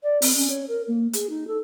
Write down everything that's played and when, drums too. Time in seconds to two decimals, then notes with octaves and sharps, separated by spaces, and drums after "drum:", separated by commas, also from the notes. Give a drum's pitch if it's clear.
0.03 D5
0.22 C4, drum: open hi-hat
0.35 C#4
0.50 C#5
0.68 A#4
0.88 A#3
1.13 G#4, drum: hi-hat
1.30 D#4
1.47 A4